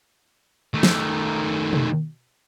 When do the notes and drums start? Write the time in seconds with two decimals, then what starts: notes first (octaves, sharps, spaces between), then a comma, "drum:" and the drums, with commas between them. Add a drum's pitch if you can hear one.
0.74 D#3 A3
0.83 drum: snare
1.73 drum: tom B2